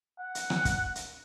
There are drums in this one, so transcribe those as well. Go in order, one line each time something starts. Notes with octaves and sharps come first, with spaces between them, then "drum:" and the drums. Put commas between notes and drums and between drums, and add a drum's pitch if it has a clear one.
F#5
drum: hi-hat
drum: rim click
drum: kick, hi-hat
drum: hi-hat